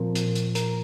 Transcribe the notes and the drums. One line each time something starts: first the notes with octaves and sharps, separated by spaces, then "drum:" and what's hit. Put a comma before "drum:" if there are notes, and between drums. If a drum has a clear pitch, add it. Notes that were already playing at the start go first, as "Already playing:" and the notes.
Already playing: A#2 F3 C4 A#4
drum: hi-hat
drum: hi-hat
A#4, drum: hi-hat